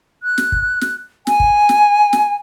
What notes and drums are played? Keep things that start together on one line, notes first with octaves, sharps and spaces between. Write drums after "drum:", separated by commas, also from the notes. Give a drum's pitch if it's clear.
F#6
drum: snare
drum: kick
drum: snare
G#5, drum: snare
drum: kick
drum: snare
drum: snare